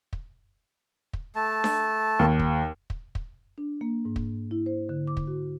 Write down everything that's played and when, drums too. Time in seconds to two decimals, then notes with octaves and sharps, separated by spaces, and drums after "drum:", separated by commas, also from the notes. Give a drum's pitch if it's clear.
0.13 drum: kick
1.13 drum: kick
1.36 A3 A5
1.64 drum: snare D4
2.19 D#2
2.39 drum: kick
2.90 drum: kick
3.15 drum: kick
3.58 D4
3.81 A#3
4.05 G#2
4.16 drum: kick
4.51 E4
4.66 C5
4.89 D3
5.07 D6
5.17 drum: kick
5.27 F#4